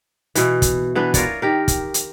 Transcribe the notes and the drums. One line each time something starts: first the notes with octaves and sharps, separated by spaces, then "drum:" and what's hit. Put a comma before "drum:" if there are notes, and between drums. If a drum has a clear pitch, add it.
B2 E3, drum: hi-hat
drum: kick, hi-hat
E3 B3 D4 B4
F4 A#4 C#5 D5, drum: kick, hi-hat
D#3 G4 A#4
drum: kick, hi-hat
drum: hi-hat